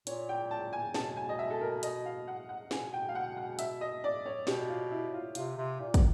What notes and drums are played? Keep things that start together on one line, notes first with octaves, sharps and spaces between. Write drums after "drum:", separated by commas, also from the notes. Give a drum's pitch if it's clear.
A#2 C#5, drum: hi-hat
G5
A5
G#5
B2 A5, drum: snare
G#5
D#5
E5
A4
A#4
D#5, drum: hi-hat
F5
F#5
F#5
B2 G#5, drum: snare
G5
F5
F#5
F#5
E5, drum: hi-hat
D#5
D5
C#5
B2 G4, drum: snare
F4
E4
F4
C3 F4, drum: hi-hat
C3
A#2 F4
drum: kick, hi-hat